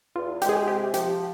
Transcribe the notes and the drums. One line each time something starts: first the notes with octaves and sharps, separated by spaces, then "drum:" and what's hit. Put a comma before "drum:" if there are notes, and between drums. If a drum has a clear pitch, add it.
E2 F4
G#3 G4, drum: hi-hat
G#4
G4
C3 G4
F3 G4, drum: hi-hat